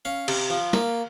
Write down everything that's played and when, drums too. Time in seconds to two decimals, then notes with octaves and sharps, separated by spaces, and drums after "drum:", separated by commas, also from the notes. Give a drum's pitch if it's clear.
0.05 C#4 F5
0.28 C3, drum: cymbal
0.50 F3
0.73 A#3, drum: snare